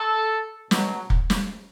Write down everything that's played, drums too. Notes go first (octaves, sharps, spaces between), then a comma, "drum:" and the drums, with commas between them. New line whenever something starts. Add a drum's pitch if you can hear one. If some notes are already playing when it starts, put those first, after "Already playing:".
Already playing: A4
B2 F#3, drum: snare
drum: kick
drum: snare